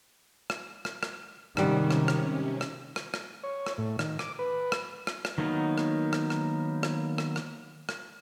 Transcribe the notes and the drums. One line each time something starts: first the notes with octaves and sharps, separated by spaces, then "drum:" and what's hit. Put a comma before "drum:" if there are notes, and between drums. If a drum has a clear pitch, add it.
drum: rim click
drum: rim click
drum: rim click
G#2 C3 D#3 G3 C#4 F#5, drum: rim click
drum: rim click
drum: rim click
drum: rim click
drum: rim click
drum: rim click
C#5
drum: rim click
A2
D#3, drum: rim click
D6, drum: rim click
B4
drum: rim click
drum: rim click
drum: rim click
D#3 F#3 A#3 B3 D#4
drum: rim click
drum: rim click
drum: rim click
drum: rim click
drum: rim click
drum: rim click
drum: rim click